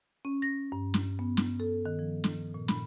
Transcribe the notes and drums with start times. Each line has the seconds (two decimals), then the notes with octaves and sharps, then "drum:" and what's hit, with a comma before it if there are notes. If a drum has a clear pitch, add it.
0.25 C#4
0.42 A#6
0.72 G2
0.94 drum: snare
1.19 B3
1.37 drum: snare
1.60 A4
1.86 D#3
1.99 F3
2.24 drum: snare
2.54 A#2
2.68 B5, drum: snare